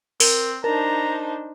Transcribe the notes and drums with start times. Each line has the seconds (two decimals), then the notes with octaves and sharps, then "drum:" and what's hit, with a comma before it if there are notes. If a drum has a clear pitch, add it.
0.20 C4 A#4, drum: open hi-hat
0.64 D4 D#4 A#4 C5 A5 A#5